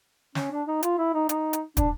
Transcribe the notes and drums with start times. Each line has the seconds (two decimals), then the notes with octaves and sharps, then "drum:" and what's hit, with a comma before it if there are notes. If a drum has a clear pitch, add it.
0.35 C#4, drum: snare
0.51 D4
0.67 D#4
0.83 F4, drum: hi-hat
0.98 E4
1.14 D#4
1.29 D#4, drum: hi-hat
1.53 drum: hi-hat
1.77 D4, drum: kick, hi-hat